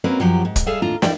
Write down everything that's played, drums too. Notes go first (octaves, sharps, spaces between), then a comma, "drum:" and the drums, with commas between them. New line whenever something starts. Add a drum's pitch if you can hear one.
A#3 C4 C#4 F#4 A#4 B4
F#2 F3 F#3 G4
G#2
drum: kick, hi-hat
G3 G#4 A4 E5 F5
D#2 A2 D4 F4 A#5
E2 E3 D5 G5, drum: snare